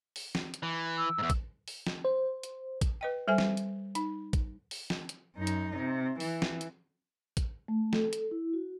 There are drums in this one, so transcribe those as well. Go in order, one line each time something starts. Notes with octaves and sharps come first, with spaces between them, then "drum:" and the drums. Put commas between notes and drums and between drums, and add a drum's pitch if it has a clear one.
drum: open hi-hat
drum: snare
drum: hi-hat
E3
E6
E2 G#2
drum: kick, hi-hat
drum: open hi-hat
drum: snare
C5
drum: hi-hat
drum: kick, hi-hat
B4 D#5 G5
G3 A4 C5 E5 G#5
drum: snare
drum: hi-hat
D#4, drum: hi-hat
drum: kick, hi-hat
drum: open hi-hat
drum: snare
drum: hi-hat
F#2 D#4
drum: hi-hat
C3
E3, drum: open hi-hat
drum: snare
drum: hi-hat
drum: kick, hi-hat
A3
A4, drum: snare
drum: hi-hat
E4
F#4